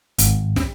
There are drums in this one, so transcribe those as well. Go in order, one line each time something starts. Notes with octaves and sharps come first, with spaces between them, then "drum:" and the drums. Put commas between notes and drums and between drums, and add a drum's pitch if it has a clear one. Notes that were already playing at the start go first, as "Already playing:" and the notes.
G#1, drum: hi-hat
drum: snare